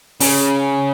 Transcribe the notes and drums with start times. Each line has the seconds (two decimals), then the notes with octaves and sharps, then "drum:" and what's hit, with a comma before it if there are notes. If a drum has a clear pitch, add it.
0.20 C#3, drum: open hi-hat